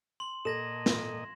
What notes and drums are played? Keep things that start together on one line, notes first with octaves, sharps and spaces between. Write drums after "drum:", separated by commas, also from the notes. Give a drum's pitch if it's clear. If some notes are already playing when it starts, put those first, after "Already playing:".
C6 F#7
A#2 A4 D#5 G#6 A#6 E7
drum: snare